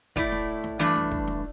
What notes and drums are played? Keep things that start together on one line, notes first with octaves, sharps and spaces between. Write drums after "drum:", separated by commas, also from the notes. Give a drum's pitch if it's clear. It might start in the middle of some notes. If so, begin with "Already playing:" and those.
A2 A3 E4 D5, drum: kick
drum: snare
drum: snare
G2 E3 A3 D4
drum: snare
drum: kick
drum: snare